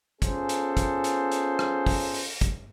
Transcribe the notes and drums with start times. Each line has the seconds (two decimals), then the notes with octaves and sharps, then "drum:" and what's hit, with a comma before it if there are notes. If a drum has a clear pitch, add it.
0.22 B3 C#4 F4 G#4 A4 C5, drum: kick, hi-hat
0.49 drum: hi-hat
0.77 drum: kick, hi-hat
1.04 drum: hi-hat
1.32 drum: hi-hat
1.59 drum: rim click
1.86 drum: kick, open hi-hat
2.14 drum: open hi-hat
2.41 drum: kick, hi-hat